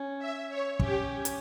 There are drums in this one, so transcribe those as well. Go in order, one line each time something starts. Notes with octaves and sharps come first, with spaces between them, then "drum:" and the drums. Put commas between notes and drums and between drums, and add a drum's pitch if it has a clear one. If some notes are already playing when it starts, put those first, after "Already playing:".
Already playing: C#4
E5
C#5
C#4 G4, drum: kick
drum: hi-hat